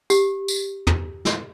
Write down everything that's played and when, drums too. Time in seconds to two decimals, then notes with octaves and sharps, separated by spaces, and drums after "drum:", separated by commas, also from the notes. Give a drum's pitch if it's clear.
0.10 G4, drum: tambourine
0.48 drum: tambourine
0.87 drum: tom
1.25 drum: snare